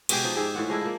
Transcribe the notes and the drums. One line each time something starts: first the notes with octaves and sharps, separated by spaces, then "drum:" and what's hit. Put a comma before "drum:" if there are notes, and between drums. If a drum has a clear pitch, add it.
B2 G#3 G4 G#4, drum: cymbal
F3 D#4 D5
G#2 G4 G#4 E5
A2 E3 F4 F#5
F3 G#3 D4 E4
F3 A#3